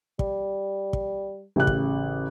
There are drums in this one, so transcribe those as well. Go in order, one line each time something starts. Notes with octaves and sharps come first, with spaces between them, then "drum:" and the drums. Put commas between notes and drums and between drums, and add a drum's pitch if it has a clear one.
G3, drum: kick
drum: kick
A1 C#3 F#6
drum: kick